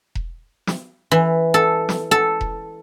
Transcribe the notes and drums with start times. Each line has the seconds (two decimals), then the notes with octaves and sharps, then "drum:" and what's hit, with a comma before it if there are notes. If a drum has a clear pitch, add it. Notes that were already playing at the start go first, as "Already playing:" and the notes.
0.15 drum: kick E1
0.67 drum: snare
1.11 E3
1.54 A4
1.89 drum: snare
2.11 A4
2.41 drum: kick E1